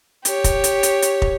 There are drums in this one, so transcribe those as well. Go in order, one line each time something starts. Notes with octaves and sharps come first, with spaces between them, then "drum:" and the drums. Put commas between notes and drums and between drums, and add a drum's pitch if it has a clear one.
G4 C#5, drum: hi-hat
drum: kick, hi-hat
drum: hi-hat
drum: hi-hat
drum: hi-hat
drum: kick